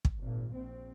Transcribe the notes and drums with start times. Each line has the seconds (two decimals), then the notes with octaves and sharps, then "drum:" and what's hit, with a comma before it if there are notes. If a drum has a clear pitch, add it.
0.05 drum: kick
0.21 G#1 A#2
0.54 A#1 C4